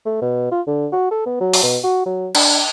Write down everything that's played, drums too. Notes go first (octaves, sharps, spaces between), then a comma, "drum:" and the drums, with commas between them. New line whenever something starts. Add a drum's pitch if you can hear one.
A3
B2
F4
D3
F#4
A4
B3
F#3
drum: open hi-hat
B2
F#4
F#3
D4, drum: cymbal